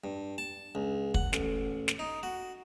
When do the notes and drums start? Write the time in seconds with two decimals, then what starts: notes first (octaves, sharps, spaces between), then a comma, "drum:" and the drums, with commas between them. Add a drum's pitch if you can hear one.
0.04 G2
0.38 A5
0.75 C#2
1.14 F#5, drum: kick
1.33 A1, drum: snare
1.88 drum: snare
1.99 D#4
2.23 F#4